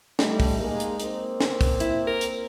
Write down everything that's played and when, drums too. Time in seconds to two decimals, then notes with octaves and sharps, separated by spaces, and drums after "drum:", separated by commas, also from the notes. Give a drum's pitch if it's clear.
0.19 G3 A3 D#4, drum: snare
0.40 drum: kick, open hi-hat
0.59 G#3 A#3
0.80 drum: hi-hat
1.00 A#3 C4, drum: hi-hat
1.40 drum: snare
1.61 drum: kick, open hi-hat
1.80 E4, drum: hi-hat
2.07 A#4
2.21 drum: hi-hat